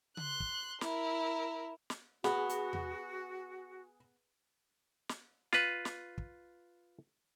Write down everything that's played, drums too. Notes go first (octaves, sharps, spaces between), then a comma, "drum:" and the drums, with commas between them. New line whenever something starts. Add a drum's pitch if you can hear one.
C6 F#6, drum: tom C#3
drum: kick
E4 A#4, drum: snare
drum: snare
B3 F#4 G#4, drum: snare
drum: hi-hat
drum: tom E2
drum: snare
F4 B4, drum: snare
drum: snare
drum: kick